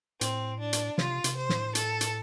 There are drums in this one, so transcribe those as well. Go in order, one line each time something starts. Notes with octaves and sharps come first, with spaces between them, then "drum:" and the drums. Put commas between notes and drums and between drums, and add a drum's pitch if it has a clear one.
A2 C4, drum: hi-hat
D4
drum: hi-hat
C3 F4, drum: snare
C3, drum: hi-hat
C5
A2, drum: snare
A4, drum: hi-hat
drum: hi-hat